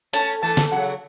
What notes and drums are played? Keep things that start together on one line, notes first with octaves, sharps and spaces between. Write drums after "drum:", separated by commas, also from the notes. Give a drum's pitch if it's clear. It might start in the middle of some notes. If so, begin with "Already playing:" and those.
A3 C#4 A5, drum: hi-hat
E3 A3 A5
drum: snare D3
C#3 F#3 F#5